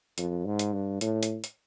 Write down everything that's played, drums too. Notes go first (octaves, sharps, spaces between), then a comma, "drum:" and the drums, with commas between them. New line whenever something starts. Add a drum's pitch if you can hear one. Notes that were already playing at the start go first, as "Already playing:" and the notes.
F2, drum: hi-hat
G#2
drum: hi-hat
G2
A2, drum: hi-hat
drum: hi-hat
drum: hi-hat